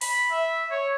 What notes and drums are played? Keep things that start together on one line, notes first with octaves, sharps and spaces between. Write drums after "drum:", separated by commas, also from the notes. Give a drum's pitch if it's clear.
B5, drum: open hi-hat
E5
C#5